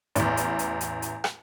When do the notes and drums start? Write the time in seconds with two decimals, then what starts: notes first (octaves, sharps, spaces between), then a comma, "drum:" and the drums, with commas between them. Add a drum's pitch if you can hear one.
0.16 A1 E2, drum: hi-hat
0.37 drum: hi-hat
0.59 drum: hi-hat
0.81 drum: hi-hat
1.02 drum: hi-hat
1.24 drum: rim click